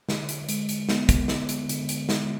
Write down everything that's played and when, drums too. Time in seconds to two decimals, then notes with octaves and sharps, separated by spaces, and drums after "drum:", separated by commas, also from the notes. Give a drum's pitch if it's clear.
0.09 D3, drum: snare
0.29 drum: hi-hat
0.49 G#3, drum: hi-hat
0.69 drum: hi-hat
0.89 B3, drum: snare
1.09 drum: kick, hi-hat
1.28 D3, drum: snare
1.49 drum: hi-hat
1.69 D3, drum: hi-hat
1.89 drum: hi-hat
2.09 G#3, drum: snare